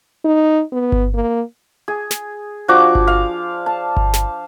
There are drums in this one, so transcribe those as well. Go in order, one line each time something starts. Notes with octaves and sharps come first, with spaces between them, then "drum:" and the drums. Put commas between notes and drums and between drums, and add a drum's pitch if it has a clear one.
D#4
B3
drum: kick G1
A#3
G#4
drum: snare
F3 D4 F#4 D6
drum: kick G1
F5
A5
drum: kick G1
drum: snare